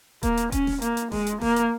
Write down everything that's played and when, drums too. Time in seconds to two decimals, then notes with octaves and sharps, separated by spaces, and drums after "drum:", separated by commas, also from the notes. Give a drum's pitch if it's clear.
0.23 A#3, drum: kick D#1, hi-hat
0.37 drum: hi-hat
0.52 C#4, drum: kick D#1, hi-hat
0.67 drum: snare D#1
0.82 A#3, drum: hi-hat
0.97 drum: hi-hat
1.12 G#3, drum: snare D#1
1.27 drum: hi-hat
1.41 A#3, drum: snare D#1
1.56 drum: hi-hat